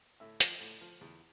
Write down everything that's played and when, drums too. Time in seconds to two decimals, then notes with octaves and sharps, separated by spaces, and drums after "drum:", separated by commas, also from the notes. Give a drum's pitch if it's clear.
0.20 A2 E5
0.40 F3, drum: hi-hat
0.61 A2
0.81 F3
1.01 E2